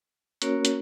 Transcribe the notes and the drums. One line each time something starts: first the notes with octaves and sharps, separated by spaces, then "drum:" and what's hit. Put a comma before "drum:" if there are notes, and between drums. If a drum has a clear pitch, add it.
A#3 C#4 F#4 A#4 C#5, drum: hi-hat
drum: hi-hat